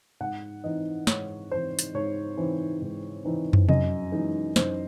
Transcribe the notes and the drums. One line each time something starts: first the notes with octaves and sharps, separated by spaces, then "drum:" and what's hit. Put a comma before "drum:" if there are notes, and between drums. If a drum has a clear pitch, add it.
G#2 F#5
E3 C4 D#4 D#5
G#2 C#5, drum: snare
E3 C4 D#4 C5
drum: hi-hat
G#2 C#5
E3 C4 D#4
G#2
E3 C4 D#4
drum: tom
F#2 D#5, drum: tom
E3 G#3 D#4
F#2 C5, drum: snare